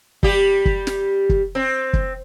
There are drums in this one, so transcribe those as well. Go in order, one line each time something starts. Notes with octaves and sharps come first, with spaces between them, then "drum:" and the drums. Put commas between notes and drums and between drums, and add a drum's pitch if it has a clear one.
G3 G4, drum: kick
drum: kick
drum: snare
drum: kick
C4
drum: kick